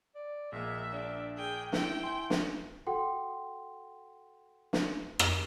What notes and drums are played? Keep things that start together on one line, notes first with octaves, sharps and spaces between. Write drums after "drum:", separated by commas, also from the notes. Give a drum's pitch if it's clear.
D5
A#1 G#3 A#3 E5
D4
G#4 G5
E4 G5, drum: snare
G#5 C6
drum: snare
F#4 A4 F#5 G5 C6
drum: snare
drum: rim click